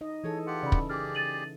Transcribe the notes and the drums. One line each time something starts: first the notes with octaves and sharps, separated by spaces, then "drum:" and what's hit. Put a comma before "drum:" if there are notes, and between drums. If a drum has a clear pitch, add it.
D#4 D#5
E3 G#4 A4 C#5
F4 G4 F#5
C#3 D5 B5
drum: kick
G4 G#4 D5 D6 F6
A6 D#7 F#7